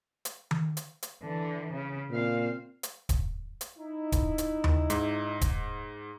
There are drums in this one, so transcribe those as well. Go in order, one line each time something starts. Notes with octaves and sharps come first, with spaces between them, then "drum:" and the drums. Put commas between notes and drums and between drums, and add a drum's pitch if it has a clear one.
drum: hi-hat
drum: tom D#3
drum: hi-hat
drum: hi-hat
D3 E3
C#3
A#2 C4 F5
drum: hi-hat
drum: kick, hi-hat
drum: hi-hat
D#4 E4
drum: kick, hi-hat
drum: hi-hat
drum: tom D#2
G#2, drum: hi-hat
drum: kick, hi-hat